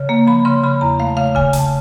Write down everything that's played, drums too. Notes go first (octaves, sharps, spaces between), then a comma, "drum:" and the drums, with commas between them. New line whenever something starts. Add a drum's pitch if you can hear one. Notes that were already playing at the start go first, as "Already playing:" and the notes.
Already playing: C#3
A#3
F3 B5
C#3 C6
C#3 B5
E2 A#5
A3 F5
C#3 F5
C#3 G#5, drum: kick D#1
C#3 A5, drum: hi-hat